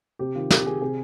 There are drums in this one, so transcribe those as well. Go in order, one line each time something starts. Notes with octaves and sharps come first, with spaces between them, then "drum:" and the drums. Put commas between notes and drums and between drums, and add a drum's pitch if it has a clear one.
C3 G4
D#3 F4
C3 G4, drum: snare
D#3 G#4
C3 G#4